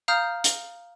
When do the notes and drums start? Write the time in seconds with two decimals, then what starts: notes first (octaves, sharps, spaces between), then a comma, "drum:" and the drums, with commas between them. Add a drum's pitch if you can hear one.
0.08 F5 A#5 D#6 F6 G6
0.44 drum: hi-hat